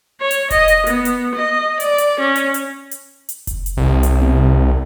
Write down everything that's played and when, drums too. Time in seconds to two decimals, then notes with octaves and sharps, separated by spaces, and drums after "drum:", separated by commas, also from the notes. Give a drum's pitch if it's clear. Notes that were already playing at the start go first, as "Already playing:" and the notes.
0.21 C#5
0.31 drum: hi-hat
0.50 D#5, drum: kick F1, hi-hat
0.68 drum: hi-hat
0.87 B3, drum: hi-hat
1.05 drum: hi-hat
1.36 D#5
1.80 D5, drum: hi-hat
1.98 drum: hi-hat
2.19 C#4
2.36 drum: hi-hat
2.54 drum: hi-hat
2.91 drum: hi-hat
3.29 drum: hi-hat
3.47 drum: kick F1, hi-hat
3.66 drum: hi-hat
3.77 C2
4.03 drum: hi-hat
4.22 drum: tom B3